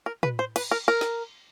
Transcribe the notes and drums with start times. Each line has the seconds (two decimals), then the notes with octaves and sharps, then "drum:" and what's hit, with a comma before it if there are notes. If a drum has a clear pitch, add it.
0.06 A#4
0.23 B4, drum: tom
0.39 C5
0.56 B4, drum: cymbal
0.71 A#4
0.88 A#4
1.01 drum: snare